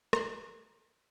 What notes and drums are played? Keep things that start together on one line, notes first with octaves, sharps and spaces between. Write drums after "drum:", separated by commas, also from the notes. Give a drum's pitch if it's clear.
A#5 C6 F#6, drum: rim click